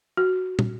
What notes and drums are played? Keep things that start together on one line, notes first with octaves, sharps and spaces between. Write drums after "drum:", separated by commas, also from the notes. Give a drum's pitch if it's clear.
F#4
drum: tom